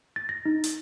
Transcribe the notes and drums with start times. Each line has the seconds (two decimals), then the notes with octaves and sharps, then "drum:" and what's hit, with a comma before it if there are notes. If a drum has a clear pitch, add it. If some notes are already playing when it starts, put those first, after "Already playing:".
0.16 A6
0.29 A#6
0.46 D#4
0.64 drum: hi-hat